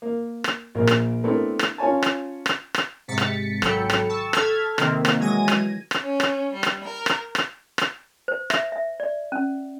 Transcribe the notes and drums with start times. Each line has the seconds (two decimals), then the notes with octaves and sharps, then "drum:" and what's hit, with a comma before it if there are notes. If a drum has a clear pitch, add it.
0.02 A#3
0.44 drum: rim click
0.75 A#1 A#3 A#4
0.87 drum: rim click
1.24 A3 B3 C4 D4 E4 A#4
1.59 drum: rim click
1.78 C#4 F4 C#5 G#5 A5
2.03 drum: rim click
2.46 drum: rim click
2.74 drum: rim click
3.08 G#2 C3 A6 B6 C#7
3.18 drum: rim click
3.62 G#1 F#3 A4 G5 B5 C#7, drum: rim click
3.90 drum: rim click
4.09 A5 C#6 E6
4.33 A4 A5 F6 G#6 B6, drum: rim click
4.78 C3 D#3 A#3 C4, drum: rim click
5.05 drum: rim click
5.19 E3 F#3 G#3 G#6 A#6 D#7
5.48 drum: rim click
5.91 drum: rim click
6.00 C#4
6.20 drum: rim click
6.53 G3
6.63 drum: rim click
6.84 A#4
7.06 drum: rim click
7.35 drum: rim click
7.78 drum: rim click
8.28 C5
8.50 E5, drum: rim click
8.72 E5
9.00 D5
9.32 C#4